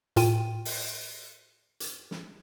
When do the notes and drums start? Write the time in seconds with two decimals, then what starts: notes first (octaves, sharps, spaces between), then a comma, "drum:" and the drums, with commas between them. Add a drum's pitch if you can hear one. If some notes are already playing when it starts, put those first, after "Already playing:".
0.16 A2 F4 G5 D#7, drum: hi-hat
0.65 drum: open hi-hat
1.80 drum: hi-hat
2.11 drum: snare